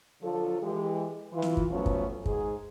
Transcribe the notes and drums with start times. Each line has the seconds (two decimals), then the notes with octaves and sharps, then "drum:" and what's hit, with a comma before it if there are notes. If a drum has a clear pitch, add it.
0.22 D3 F3 F#3 F4 A4
0.62 E3 G#3 G4
1.32 E3 F4
1.42 drum: snare
1.57 drum: kick
1.71 F3 F#3 A3 B3 C#4
1.86 drum: kick
2.26 G#2 G#4, drum: kick